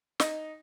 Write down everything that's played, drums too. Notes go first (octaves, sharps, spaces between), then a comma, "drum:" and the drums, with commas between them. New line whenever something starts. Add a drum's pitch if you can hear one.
D#4, drum: snare